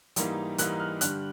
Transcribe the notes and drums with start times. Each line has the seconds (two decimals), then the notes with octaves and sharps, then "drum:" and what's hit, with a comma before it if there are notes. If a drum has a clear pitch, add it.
0.16 G#2 E3 G3 A#3 D#4, drum: hi-hat
0.58 G#2 E3 G3 A#3 D#4 F#6, drum: hi-hat
0.80 F6
1.01 G2 D3 G3 F#6, drum: hi-hat